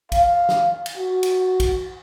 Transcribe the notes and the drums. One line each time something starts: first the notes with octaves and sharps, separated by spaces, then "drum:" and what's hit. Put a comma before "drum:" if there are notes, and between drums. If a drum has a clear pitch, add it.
F5, drum: kick, cymbal
drum: snare
drum: cymbal
F#4
drum: cymbal
drum: kick, cymbal